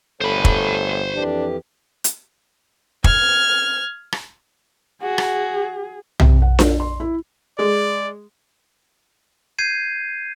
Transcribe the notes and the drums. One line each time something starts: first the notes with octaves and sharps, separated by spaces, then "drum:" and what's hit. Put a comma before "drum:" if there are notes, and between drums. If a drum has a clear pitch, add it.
G1 A3 A4 C5 C#5 B5
drum: kick
F2 E3 D4 G4
drum: hi-hat
F6 G#6, drum: kick
drum: rim click
F#4 G#4
drum: rim click
C3, drum: tom
F#5
F4, drum: snare D4
C6
E4
G#3 D5
G6 G#6 C7 D#7